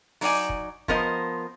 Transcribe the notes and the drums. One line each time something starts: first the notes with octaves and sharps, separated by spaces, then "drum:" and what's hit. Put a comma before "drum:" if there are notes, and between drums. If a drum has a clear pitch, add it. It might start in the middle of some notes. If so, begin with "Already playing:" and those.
F#3 D#4 D5 G#5, drum: open hi-hat
drum: kick
F3 B3 A#4 C5 D#5, drum: kick